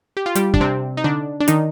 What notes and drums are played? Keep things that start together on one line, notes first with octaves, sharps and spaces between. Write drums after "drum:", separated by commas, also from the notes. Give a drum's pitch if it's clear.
G4
F4
G3 G4, drum: hi-hat
D4, drum: kick
C3 C4
D#4
D3 D4
D4
D#3 D#4, drum: hi-hat